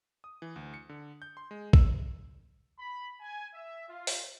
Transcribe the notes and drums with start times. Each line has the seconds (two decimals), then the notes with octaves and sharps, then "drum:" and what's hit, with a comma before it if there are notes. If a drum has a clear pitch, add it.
0.24 D#6
0.42 E3
0.56 D2
0.74 C#7
0.89 D3
1.22 G6
1.37 C6
1.51 G#3
1.73 E6, drum: kick A#1
2.79 B5
3.20 G#5
3.54 E5
3.88 F4
4.07 drum: open hi-hat